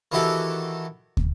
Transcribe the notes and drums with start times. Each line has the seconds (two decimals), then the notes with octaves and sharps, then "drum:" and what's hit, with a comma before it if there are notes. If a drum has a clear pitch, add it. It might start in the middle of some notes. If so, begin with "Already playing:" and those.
0.12 D#3 E3 E4 F#4 G4 A4
1.17 drum: kick